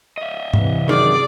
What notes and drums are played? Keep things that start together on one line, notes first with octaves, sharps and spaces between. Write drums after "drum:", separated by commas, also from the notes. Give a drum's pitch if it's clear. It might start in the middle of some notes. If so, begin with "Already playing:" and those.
D#5 E5
C3 E3, drum: tom G#2
F#2 D#3 G#4 D5